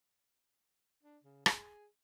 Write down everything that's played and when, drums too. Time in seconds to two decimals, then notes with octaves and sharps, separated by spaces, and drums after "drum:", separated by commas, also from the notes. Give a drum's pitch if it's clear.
1.03 D4
1.24 C#3
1.46 G#4, drum: rim click